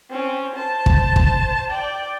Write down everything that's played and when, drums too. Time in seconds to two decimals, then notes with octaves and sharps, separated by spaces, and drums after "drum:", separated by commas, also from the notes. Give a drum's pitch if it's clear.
0.11 C4 C#4
0.56 C5 A5
0.86 drum: kick
1.16 drum: kick
1.70 D5 G5